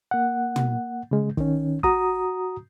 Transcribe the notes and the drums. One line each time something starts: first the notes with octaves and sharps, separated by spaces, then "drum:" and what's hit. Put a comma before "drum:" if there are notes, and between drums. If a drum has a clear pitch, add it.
A#3 F#5
drum: tom
C#3 G#3
D#3 C#4, drum: kick
F#4 A#5 D#6, drum: kick